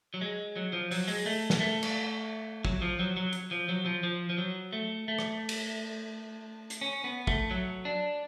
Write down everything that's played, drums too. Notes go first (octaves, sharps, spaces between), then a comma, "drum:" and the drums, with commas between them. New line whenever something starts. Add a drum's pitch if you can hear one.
F#3
G#3
F#3
F3
F#3, drum: open hi-hat
G#3, drum: open hi-hat
A3
drum: snare
A3
drum: cymbal
F#3, drum: kick
F3
F#3
F#3
drum: hi-hat
F3
F#3
F3
F3
F3
F#3
A3
A3
drum: rim click
drum: cymbal
drum: hi-hat
C#4
B3
A3, drum: kick
F#3
D4